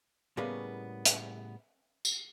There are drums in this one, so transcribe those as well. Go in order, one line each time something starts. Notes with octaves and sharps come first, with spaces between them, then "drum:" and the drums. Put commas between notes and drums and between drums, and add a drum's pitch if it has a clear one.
A2 C#3 G3 A#3 B3 G#4
drum: hi-hat
drum: tambourine